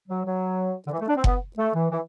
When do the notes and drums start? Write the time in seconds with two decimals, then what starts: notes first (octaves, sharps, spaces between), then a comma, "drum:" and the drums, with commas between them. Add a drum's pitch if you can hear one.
0.08 F#3
0.25 F#3
0.86 D3
0.91 E3
0.99 A3
1.08 D4
1.16 C4
1.24 B3, drum: kick F#1
1.57 A3
1.74 E3
1.90 E3